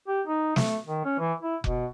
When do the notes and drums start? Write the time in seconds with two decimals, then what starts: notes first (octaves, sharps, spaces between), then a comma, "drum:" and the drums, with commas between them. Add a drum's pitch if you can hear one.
0.08 G4
0.27 D#4
0.56 A3, drum: snare
0.87 D#3
1.05 C#4
1.19 E3
1.43 E4
1.64 B2, drum: kick F1